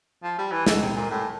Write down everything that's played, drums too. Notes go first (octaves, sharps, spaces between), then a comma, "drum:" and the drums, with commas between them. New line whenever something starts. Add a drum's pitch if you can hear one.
F3
G3
E3
D3, drum: snare
C3
A#2
A2